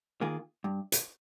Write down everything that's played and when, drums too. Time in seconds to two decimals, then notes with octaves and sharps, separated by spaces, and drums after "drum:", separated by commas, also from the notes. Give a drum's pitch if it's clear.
0.21 D#3 A#3 F4 G#4
0.64 G2
0.92 drum: hi-hat